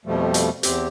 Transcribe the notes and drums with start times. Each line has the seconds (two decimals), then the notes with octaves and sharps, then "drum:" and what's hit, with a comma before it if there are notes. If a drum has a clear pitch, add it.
0.06 F2 B2 F3 G3 A3
0.34 drum: hi-hat
0.63 E2 C4 G4, drum: hi-hat